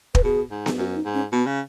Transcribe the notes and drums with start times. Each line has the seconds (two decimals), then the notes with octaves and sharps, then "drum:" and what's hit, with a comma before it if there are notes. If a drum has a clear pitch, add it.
0.15 B4, drum: kick
0.24 B2 G#4
0.51 G#2
0.66 drum: snare B3
0.78 F#2 F#4
0.96 D#4
1.05 G#2
1.14 C#4
1.32 B2 B3
1.46 C#3